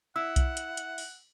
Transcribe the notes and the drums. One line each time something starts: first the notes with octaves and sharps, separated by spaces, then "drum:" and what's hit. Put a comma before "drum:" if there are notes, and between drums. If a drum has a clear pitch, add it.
E4 F#5 E6
drum: kick B1, hi-hat
drum: hi-hat
drum: hi-hat
drum: open hi-hat